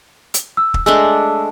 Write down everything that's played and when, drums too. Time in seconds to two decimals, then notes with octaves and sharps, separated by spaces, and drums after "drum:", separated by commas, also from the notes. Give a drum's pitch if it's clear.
0.34 drum: hi-hat
0.57 E6
0.74 drum: kick
0.86 G#3 A3 D4 E6